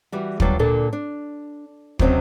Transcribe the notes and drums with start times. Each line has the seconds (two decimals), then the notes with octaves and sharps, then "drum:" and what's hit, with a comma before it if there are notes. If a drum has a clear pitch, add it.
0.12 E3 G3 F#4
0.40 F#3 G3 B3 D4 F4, drum: kick
0.59 A#2 D3 D4 A4
0.93 D4
1.99 C3 D#3 F#3 C4 C#4, drum: kick